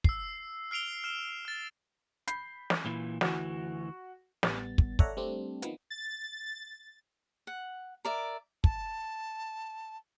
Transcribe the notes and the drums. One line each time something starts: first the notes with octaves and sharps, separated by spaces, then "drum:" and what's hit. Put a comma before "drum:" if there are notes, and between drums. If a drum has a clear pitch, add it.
E6 C7, drum: kick
F6 C7 D7 F7 G7
F6 E7
F6 A6
B5 G6 C7, drum: hi-hat
drum: snare
A#2 E3
D2 E3 F#4, drum: snare
A1 G3 B3 A6, drum: snare
drum: kick
A4 C#5 D5 E5 F#5 A#5, drum: kick
G3 A3 C4 D4
D#3 F3 B3, drum: hi-hat
A6
F#5
A#4 D5 E5
A5, drum: kick